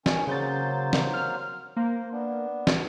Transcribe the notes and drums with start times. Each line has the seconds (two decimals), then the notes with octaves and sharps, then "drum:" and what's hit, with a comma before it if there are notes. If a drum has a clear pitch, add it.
0.06 D#3 C#4, drum: snare
0.27 C#3 F#3 A#3 C5 G6 A6
0.93 drum: snare
1.14 F6
1.77 A#3 C5
2.12 B3 D4
2.67 drum: snare